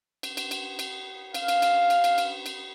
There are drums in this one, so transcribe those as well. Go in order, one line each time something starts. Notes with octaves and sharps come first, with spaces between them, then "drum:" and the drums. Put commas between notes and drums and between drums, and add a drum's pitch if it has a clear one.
drum: cymbal
drum: cymbal
drum: cymbal
drum: cymbal
F5, drum: cymbal
drum: cymbal
drum: cymbal
drum: cymbal
drum: cymbal
drum: cymbal
drum: cymbal